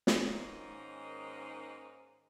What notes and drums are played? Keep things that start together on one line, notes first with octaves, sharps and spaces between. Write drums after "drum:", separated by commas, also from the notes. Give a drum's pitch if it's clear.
drum: snare
G#2 D#3 A#3 C#4 D#4